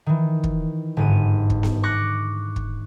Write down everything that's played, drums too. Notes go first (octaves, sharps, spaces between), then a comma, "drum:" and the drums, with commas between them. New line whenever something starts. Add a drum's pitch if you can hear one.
D#3 E3
drum: kick
G1 G#2 D#7
drum: kick
drum: snare B3
C#6 D6 F#6 A#6
drum: kick